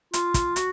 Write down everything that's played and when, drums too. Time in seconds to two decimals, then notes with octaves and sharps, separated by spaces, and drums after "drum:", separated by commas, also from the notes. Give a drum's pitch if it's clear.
0.13 F4, drum: hi-hat
0.34 drum: kick, hi-hat
0.56 F#4, drum: hi-hat